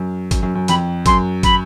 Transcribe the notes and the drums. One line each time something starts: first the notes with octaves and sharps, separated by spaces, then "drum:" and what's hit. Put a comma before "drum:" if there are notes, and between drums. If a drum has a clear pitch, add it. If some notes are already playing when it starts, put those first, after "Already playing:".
Already playing: F#2
F#2, drum: kick, hi-hat
F#2
F#2
F2 B5, drum: hi-hat
F#2 C6, drum: kick, hi-hat
B5, drum: kick, hi-hat